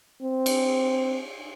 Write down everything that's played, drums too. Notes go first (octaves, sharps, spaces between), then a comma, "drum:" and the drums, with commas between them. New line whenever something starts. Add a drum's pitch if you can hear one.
C4
drum: cymbal